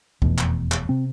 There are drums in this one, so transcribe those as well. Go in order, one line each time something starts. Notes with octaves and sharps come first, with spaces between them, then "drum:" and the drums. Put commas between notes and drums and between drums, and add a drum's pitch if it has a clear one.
F1 E2 B2, drum: kick
drum: clap
drum: clap
C3 C4